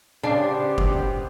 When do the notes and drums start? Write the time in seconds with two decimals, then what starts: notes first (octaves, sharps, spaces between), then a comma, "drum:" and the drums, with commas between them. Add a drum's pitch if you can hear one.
0.24 C#3 B3 D4 G4 C5 C7
0.78 drum: kick F#1